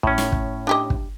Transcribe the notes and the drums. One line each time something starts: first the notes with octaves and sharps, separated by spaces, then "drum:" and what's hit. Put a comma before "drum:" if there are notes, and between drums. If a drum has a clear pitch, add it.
A2 C#4, drum: kick
drum: snare
drum: kick
D4 G4 D#5
drum: kick